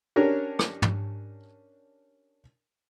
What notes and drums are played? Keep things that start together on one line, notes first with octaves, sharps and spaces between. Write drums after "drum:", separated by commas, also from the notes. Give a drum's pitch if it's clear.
C#4 D4 G4 A#4 C#5
drum: rim click
drum: tom